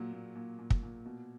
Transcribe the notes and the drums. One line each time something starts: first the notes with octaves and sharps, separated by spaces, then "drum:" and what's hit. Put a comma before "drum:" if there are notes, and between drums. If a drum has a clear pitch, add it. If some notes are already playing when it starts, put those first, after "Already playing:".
Already playing: A#2 F#3
A#2
A#2
A#2
drum: kick
A#2
B2